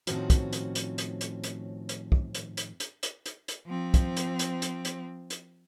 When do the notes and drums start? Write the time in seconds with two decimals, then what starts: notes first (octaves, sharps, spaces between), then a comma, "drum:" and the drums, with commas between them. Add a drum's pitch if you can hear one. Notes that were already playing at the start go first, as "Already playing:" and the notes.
0.07 A2 D#3 F3 C4 C#4 F#4, drum: hi-hat
0.30 drum: kick, hi-hat
0.53 drum: hi-hat
0.75 drum: hi-hat
0.98 drum: hi-hat
1.21 drum: hi-hat
1.44 drum: hi-hat
1.89 drum: hi-hat
2.12 drum: kick
2.35 drum: hi-hat
2.57 drum: hi-hat
2.80 drum: hi-hat
3.03 drum: hi-hat
3.26 drum: hi-hat
3.48 drum: hi-hat
3.67 F3 C4
3.94 drum: kick, hi-hat
4.17 drum: hi-hat
4.39 drum: hi-hat
4.62 drum: hi-hat
4.85 drum: hi-hat
5.30 drum: hi-hat